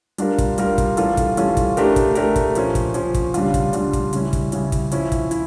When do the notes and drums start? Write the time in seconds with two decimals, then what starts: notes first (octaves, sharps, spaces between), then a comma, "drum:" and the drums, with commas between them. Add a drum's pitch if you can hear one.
0.18 G3 D4 F4 A#4, drum: hi-hat
0.38 drum: kick, hi-hat
0.58 G3 D4 F4 A#4, drum: hi-hat
0.78 drum: kick, hi-hat
0.97 E3 G3 C#4 F4 A4, drum: hi-hat
1.17 drum: kick, hi-hat
1.37 E3 G3 C#4 F4 A4, drum: hi-hat
1.57 drum: kick, hi-hat
1.77 A3 D4 G4 A#4, drum: hi-hat
1.96 drum: kick, hi-hat
2.15 A3 D4 G4 A#4, drum: hi-hat
2.36 drum: kick, hi-hat
2.55 A#2 F3 C#4, drum: hi-hat
2.75 drum: kick, hi-hat
2.94 A#2 F3 C#4, drum: hi-hat
3.14 drum: kick, hi-hat
3.34 C#3 G3 D4 F4, drum: hi-hat
3.54 drum: kick, hi-hat
3.73 C#3 G3 D4 F4, drum: hi-hat
3.93 drum: kick, hi-hat
4.13 C#3 G3 C#4 E4, drum: hi-hat
4.33 drum: kick, hi-hat
4.52 C#3 G3 C#4 E4, drum: hi-hat
4.72 drum: kick, hi-hat
4.92 F3 C#4 E4, drum: hi-hat
5.12 drum: kick, hi-hat
5.31 E4, drum: hi-hat